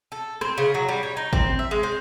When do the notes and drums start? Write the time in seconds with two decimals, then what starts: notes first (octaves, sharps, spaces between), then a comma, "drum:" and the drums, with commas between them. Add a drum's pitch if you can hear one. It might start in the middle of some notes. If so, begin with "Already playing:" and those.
0.12 A4
0.41 C4, drum: rim click
0.58 C#3
0.74 F#3
0.88 G3
1.03 C#5
1.17 D#4
1.33 C4, drum: kick G#1
1.59 E5
1.71 G#3
1.83 C4